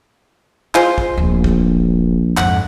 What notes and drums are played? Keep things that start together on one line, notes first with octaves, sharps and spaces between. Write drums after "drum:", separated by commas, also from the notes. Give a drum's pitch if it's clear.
G#3 F4 C5, drum: clap
drum: kick
D1 A#1
drum: kick
F2 G#2 F#5, drum: clap